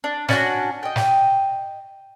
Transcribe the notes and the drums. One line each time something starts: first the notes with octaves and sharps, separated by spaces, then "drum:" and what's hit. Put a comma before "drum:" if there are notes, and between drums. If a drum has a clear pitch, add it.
D4
C#4 D4 E4 F#4, drum: snare
D#5 G5
drum: snare